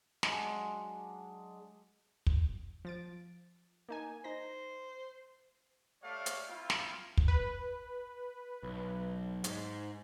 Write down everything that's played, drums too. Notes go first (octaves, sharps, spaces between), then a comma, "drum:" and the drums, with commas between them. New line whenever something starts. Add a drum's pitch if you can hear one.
F#3 G#3 D4, drum: snare
drum: kick
F3 A6 D7
A#3 D#4 G#5
D#4 C5 A#6
G3 A3 C#5 D5 F5
drum: hi-hat
C4 E4 F4
drum: snare
drum: kick
B4
B1
G#2, drum: hi-hat